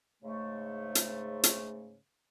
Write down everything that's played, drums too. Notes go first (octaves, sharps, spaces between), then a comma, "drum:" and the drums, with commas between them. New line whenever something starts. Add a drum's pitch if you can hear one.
G#2 C#3 A3
drum: hi-hat
drum: hi-hat